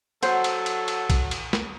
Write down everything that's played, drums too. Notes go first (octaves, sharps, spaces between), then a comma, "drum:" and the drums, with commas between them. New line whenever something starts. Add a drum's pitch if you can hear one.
F#3 A4 C5 F#5, drum: cymbal
drum: cymbal
drum: cymbal
drum: cymbal
drum: kick B1, cymbal
drum: cymbal
drum: snare